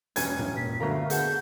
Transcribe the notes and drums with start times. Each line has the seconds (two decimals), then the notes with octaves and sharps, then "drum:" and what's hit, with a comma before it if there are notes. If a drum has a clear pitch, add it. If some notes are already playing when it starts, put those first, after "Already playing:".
0.16 E1 C#4 B4 G#5 G#6, drum: hi-hat
0.39 drum: tom G2
0.57 A#2 B6
0.80 G1 D3 A3 B3 F#4 A#4 F5 A#5
1.10 G#4 F#5 A5 G6, drum: hi-hat